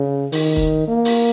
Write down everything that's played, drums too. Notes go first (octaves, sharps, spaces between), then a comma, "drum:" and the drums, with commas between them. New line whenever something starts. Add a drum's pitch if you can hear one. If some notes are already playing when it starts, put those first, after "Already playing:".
Already playing: C#3
D#3, drum: open hi-hat
drum: kick
A#3
drum: open hi-hat